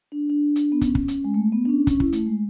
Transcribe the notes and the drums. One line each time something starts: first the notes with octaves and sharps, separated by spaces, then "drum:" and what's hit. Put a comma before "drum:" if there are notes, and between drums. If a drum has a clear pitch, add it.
D4
D4
drum: hi-hat
B3
C#4, drum: kick, hi-hat
drum: kick
drum: hi-hat
G#3
A3
B3
D4
C#4
C#4, drum: kick, hi-hat
E4, drum: kick
A3, drum: hi-hat
G#3